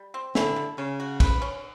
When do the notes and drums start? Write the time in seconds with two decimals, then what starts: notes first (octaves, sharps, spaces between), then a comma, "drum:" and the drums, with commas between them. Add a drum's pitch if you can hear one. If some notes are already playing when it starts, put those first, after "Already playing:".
Already playing: G3
0.14 C4
0.35 D3 E4, drum: snare
0.56 G3
0.78 C#3 C#4
1.00 F#4
1.20 B4, drum: kick, cymbal
1.42 C#4